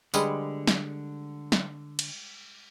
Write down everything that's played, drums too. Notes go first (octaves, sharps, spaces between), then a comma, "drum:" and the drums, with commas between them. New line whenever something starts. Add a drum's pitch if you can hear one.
D3 G3 G#3 B4, drum: tambourine
drum: snare
drum: snare
drum: cymbal